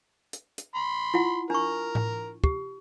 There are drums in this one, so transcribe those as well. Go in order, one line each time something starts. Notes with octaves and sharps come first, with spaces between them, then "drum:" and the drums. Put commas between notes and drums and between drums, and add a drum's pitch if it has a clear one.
drum: hi-hat
drum: hi-hat
B5 C6
E4 F4 F#5
D4 A#4 C#6
drum: tom A2
G4, drum: kick